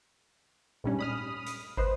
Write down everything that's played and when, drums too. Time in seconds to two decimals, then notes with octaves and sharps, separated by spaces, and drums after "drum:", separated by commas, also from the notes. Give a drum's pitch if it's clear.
0.84 G#2 G3 C#4 D4, drum: tom A#2
0.99 B5 D#6 F6
1.46 drum: hi-hat
1.77 B4 C5 D#5, drum: kick